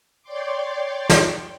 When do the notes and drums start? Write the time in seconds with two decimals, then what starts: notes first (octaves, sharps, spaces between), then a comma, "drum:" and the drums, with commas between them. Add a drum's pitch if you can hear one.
0.22 C#5 D5 G5 C6 D6
1.10 drum: snare